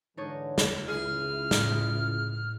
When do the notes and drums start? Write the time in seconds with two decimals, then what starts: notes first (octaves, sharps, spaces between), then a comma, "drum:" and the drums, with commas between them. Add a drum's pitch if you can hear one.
0.17 G#2 D3 E3 D4 D#4 C#5
0.58 drum: snare
0.88 C#2 E4 G#4 F6
1.51 A2 D#6, drum: snare